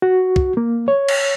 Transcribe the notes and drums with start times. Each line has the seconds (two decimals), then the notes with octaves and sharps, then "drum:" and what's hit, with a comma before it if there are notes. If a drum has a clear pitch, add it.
0.02 F#4
0.36 drum: kick
0.57 A#3
0.88 C#5
1.08 drum: cymbal